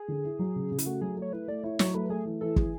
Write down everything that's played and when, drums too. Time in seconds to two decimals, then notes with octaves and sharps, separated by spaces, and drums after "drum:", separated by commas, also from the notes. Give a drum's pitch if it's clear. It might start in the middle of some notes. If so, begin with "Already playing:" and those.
Already playing: G#4
0.08 D3
0.25 E4
0.39 F#3
0.55 C#3
0.71 C#3
0.78 E4, drum: hi-hat
0.86 A3 F#4
1.01 F#3 G#4
1.17 A3
1.22 C#5
1.32 E4 B4
1.48 A3 D5
1.64 E4 C#5
1.79 F#3 C#5, drum: snare
1.94 A3 B4
2.10 A3 G#4
2.25 E3
2.41 E3 A4
2.56 E3 G#4, drum: kick